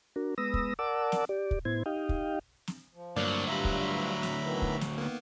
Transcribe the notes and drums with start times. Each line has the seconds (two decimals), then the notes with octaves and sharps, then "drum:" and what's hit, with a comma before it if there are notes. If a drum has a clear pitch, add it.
0.16 D4 F#4 A#4
0.38 G#3 B3 B4 D#6 E6 A#6
0.54 drum: kick
0.79 A#4 D5 F#5 A5 D6 E6
1.12 drum: snare
1.29 G4 D5
1.51 drum: kick
1.65 A2 B3 E4 C5 G#6
1.86 D#4 G4 D#5 F5 G5
2.09 drum: kick
2.67 drum: snare
2.95 F3
3.16 D2 G2 F#3 A#3 D5
3.47 G2 G3 F4 E5 A#5 B5
3.65 drum: kick
4.23 drum: snare
4.42 B2 D#3 E3
4.62 drum: kick
4.81 drum: snare
4.98 D#3 A#3 B3